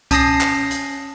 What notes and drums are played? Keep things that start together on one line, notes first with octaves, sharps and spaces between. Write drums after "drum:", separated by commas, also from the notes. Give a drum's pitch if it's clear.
C#4 A5 D#6 A#6 C7, drum: kick C2, hi-hat
drum: clap
drum: hi-hat